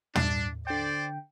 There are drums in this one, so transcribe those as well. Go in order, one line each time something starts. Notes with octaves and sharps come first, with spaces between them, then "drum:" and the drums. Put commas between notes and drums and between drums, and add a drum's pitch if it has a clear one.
G2 D4, drum: tom
D3 C5 D5 G5